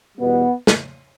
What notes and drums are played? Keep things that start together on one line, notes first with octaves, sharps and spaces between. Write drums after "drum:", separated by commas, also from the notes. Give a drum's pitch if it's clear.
E2 B2 G3 B3
drum: snare